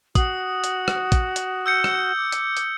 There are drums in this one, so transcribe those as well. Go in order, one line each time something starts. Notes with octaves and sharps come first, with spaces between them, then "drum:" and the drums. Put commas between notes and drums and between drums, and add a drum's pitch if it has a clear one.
F#4 D#6, drum: kick, hi-hat
drum: hi-hat
drum: rim click
drum: kick, hi-hat
drum: hi-hat
E6 G6 C#7
drum: rim click
D6
drum: hi-hat
drum: hi-hat